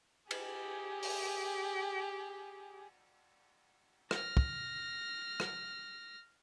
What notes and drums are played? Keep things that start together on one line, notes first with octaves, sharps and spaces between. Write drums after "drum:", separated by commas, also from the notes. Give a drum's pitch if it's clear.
G4 G#4, drum: cymbal
drum: open hi-hat
F6 A#6, drum: rim click
drum: kick
drum: rim click